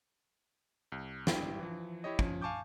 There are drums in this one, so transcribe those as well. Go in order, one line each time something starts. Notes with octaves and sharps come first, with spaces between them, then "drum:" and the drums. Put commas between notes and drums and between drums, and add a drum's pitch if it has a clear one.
C2
G#1 G3 E4 G5, drum: snare
E3 F3
E4 G4 C#5 D#5
F3 C#4, drum: kick
F5 G#5 A5 C#6 D6 G6